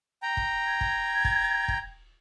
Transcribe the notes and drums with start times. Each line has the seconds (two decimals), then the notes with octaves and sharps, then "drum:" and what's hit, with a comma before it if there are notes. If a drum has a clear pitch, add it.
0.22 G5 A#5
0.37 drum: kick
0.66 G#6
0.81 drum: kick
1.25 drum: kick
1.68 drum: kick